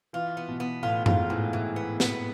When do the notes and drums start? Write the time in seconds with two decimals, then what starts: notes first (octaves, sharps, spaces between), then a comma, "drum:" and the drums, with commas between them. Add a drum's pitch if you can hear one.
0.13 E3 F4
0.37 B3
0.48 B2
0.60 B3
0.83 A2 F4
1.06 G#2 F4, drum: tom F#2
1.30 A2 E3
1.53 E3
1.76 B3
2.00 B3, drum: snare